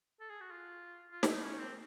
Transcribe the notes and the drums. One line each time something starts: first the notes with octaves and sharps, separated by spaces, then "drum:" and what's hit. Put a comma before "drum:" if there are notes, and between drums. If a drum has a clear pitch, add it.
A4
G#4
F#4
F4
F4
E4, drum: snare
D#4
C#4
C4